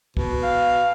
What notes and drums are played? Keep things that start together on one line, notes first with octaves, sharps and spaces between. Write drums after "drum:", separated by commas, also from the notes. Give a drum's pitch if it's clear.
B2, drum: kick
F5